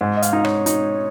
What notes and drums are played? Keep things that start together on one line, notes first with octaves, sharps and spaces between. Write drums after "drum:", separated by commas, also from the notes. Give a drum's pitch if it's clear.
G#2
D#5
F5, drum: hi-hat
D#4
C#5, drum: rim click
D#4, drum: hi-hat